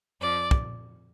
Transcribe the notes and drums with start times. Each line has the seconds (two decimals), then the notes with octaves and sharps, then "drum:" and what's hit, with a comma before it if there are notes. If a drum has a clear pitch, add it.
0.20 F2 F3 D5
0.51 drum: kick